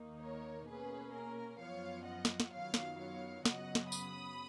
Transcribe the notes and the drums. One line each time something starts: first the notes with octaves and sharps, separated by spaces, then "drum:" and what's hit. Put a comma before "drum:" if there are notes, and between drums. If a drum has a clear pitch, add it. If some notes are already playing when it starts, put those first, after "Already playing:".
Already playing: D#2 D#3 A#3 D#4
A#4 C#5
B2 A#3 C#4 G#4 B4
A#4
F#2 F3 B3 F4 C#5 F5
D#5 F#5
drum: snare
drum: snare
F#2 D#3 F#3 B3 F4 C#5 F5
drum: snare
C#5 F5
F#2 C#3 F#3 B3 D#5 F#5, drum: snare
drum: snare
B5 D#6, drum: tambourine